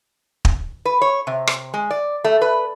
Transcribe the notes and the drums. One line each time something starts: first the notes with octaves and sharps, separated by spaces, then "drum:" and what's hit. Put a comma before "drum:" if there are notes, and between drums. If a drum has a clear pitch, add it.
drum: kick
B4
C#5
C3
drum: rim click
G#3
D5
A3
B4